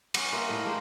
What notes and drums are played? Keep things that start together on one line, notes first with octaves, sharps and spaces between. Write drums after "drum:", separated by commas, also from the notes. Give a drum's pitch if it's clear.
B3 C#4, drum: cymbal
A#3 F4 B4 E5
A2 D4 A#4 D#5
G#3 A#3 D4 C5